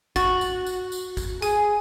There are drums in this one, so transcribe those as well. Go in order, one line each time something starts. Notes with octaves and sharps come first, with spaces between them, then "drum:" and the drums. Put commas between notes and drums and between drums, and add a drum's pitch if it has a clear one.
F#4 A6, drum: kick, tambourine
drum: tambourine
drum: tambourine
drum: tambourine
drum: kick, tambourine
G#4 G#5, drum: tambourine